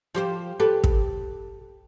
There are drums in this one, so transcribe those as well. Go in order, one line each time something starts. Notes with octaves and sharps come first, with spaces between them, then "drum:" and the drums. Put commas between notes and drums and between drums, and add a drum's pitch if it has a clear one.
F3 G4 C5
G4 A4 B4 C5
drum: kick